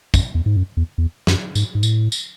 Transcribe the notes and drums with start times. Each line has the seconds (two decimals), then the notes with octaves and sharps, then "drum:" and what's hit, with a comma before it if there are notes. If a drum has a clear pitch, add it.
0.14 F#2, drum: kick, tambourine
0.35 E2
0.46 G#2
0.57 F#2
0.77 E2
0.98 E2
1.27 F#2, drum: snare
1.55 G#2, drum: tambourine
1.75 G#2
1.83 A2, drum: tambourine
2.12 drum: tambourine